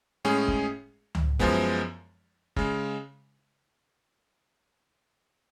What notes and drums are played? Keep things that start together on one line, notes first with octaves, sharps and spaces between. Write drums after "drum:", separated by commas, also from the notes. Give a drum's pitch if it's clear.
A2 G#3 C#4 G#4
drum: kick F1
drum: tom C#2
F#2 F3 G#3 B3, drum: kick F1
C#3 G#3, drum: kick F1